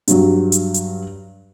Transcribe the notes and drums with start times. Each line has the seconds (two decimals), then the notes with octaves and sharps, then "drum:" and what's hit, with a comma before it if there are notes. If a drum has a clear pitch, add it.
0.08 G2 F#3, drum: hi-hat
0.52 drum: hi-hat
0.74 drum: hi-hat